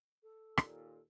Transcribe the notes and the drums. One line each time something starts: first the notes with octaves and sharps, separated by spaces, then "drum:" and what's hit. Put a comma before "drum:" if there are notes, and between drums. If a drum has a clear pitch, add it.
A4
D#2 A#2, drum: rim click